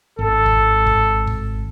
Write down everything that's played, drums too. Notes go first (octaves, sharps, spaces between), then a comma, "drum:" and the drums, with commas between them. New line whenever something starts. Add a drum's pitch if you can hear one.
G#1 A4
drum: kick
drum: kick
drum: kick